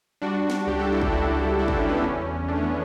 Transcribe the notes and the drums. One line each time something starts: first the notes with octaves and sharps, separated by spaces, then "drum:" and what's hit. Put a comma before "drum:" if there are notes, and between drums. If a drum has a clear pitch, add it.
G3 D4 F#4
drum: snare B3
C#2 G4
A4
E4 G4
drum: kick
C#2 D4 F#4
G3 E4
D4, drum: kick
C#4
B3 D4
E2 C#4
A3 D4
C#4
B3, drum: tom